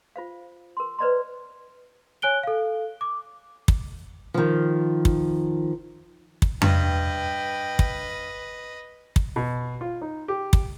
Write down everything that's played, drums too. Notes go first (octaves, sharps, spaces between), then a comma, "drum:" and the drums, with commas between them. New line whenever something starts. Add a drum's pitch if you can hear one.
F4 C5 F5
A#4 C6
B4 C5 D5 D#5 A#5 C6
C#5 G#5 F#6 D7 G7
A4 F5
D6
drum: kick
D#3 F3
drum: kick
drum: kick
G2 B4 D#5 G5, drum: tom F2
drum: kick
drum: kick
B2
F4
D#4
G4
drum: kick